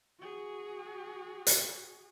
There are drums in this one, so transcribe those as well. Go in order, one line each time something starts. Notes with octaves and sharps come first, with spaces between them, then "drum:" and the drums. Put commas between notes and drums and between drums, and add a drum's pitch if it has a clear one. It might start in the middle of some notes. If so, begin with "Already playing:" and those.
F#4 G#4
drum: hi-hat